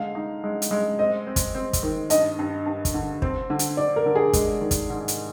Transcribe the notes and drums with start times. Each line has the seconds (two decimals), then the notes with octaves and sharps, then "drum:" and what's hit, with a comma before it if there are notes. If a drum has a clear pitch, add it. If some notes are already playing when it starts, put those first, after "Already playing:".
Already playing: D3 G#3 F5
0.15 D#4
0.44 G#3
0.62 drum: hi-hat
0.71 G#3
0.99 C4 D#5
1.27 C4
1.36 drum: kick, hi-hat
1.55 C4
1.73 drum: kick, hi-hat
1.83 D#3
2.10 G2 D#5, drum: hi-hat
2.39 G2
2.66 G2
2.85 drum: kick, hi-hat
2.94 D3
3.22 C4, drum: kick
3.50 D3
3.59 drum: hi-hat
3.77 D3 D5
3.96 A#4
4.06 D3
4.15 G#4
4.33 G#3, drum: kick, hi-hat
4.61 D#3
4.71 drum: kick, hi-hat
4.90 G#2
5.08 drum: hi-hat